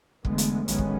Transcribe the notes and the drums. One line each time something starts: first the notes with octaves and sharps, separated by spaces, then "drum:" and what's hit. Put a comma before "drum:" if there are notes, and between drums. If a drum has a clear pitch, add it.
E2 D3 G#3 A3 B3, drum: kick
drum: hi-hat
A1 F#2 D#3 G#3 B3 C#4, drum: hi-hat
drum: kick